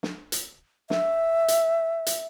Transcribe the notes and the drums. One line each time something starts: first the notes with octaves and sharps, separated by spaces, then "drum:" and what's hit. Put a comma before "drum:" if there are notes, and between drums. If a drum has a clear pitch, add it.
drum: snare
drum: hi-hat
E5, drum: snare
drum: hi-hat
drum: hi-hat